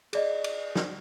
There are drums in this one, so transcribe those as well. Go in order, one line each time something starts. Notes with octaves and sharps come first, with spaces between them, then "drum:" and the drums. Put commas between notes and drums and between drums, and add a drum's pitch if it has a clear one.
G#4 D5 D#5, drum: cymbal
drum: cymbal
drum: snare